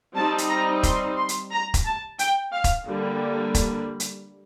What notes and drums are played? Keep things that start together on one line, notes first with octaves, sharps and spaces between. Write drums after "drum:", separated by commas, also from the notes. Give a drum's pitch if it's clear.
G3 C4 D#4 A5
drum: hi-hat
A#5
C6, drum: kick E1, hi-hat
C6
drum: hi-hat
A#5
drum: kick E1, hi-hat
A5
G5, drum: hi-hat
F5
drum: kick E1, hi-hat
D3 G3 A#3
drum: kick E1, hi-hat
drum: hi-hat